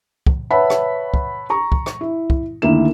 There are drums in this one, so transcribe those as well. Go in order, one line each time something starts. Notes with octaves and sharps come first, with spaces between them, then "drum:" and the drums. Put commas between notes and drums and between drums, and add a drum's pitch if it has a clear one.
drum: kick
B4 C#5 E5 F#5 A5 B5
drum: rim click
drum: kick
A#5 C#6
drum: kick
drum: rim click
E4
drum: kick
D2 D#3 A#3 E4 E7